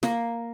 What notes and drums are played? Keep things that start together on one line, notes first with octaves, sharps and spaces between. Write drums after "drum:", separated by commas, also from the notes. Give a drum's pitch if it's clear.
A#3, drum: snare